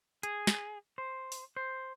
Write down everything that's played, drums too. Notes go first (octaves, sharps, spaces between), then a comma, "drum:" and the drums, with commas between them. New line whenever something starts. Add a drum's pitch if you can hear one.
G#4, drum: hi-hat
drum: snare
C5
drum: open hi-hat
C5